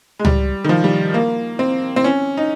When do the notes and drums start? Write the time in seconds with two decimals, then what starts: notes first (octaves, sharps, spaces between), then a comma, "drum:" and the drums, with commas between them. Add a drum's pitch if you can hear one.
0.19 G#3
0.25 G3, drum: tom C#2
0.65 D#3
0.69 F3
0.84 G3
1.14 A#3
1.59 C4
1.96 C4
2.04 C#4
2.37 D#4